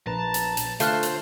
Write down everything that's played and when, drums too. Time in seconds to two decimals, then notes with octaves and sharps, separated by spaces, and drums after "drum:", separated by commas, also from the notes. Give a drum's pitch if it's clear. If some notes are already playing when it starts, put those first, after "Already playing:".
0.06 A#1 B4 A5 A#5
0.34 drum: hi-hat
0.57 drum: hi-hat
0.80 D3 A3 F4 C5 F5 F6 F#6, drum: hi-hat
1.03 drum: hi-hat